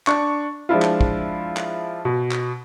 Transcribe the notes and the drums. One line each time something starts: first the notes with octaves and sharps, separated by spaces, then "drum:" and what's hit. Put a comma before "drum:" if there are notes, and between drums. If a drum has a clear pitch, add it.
D4 C#6, drum: clap
F3 G#3 D4 E4 F4
drum: clap
drum: kick
drum: clap
B2
drum: clap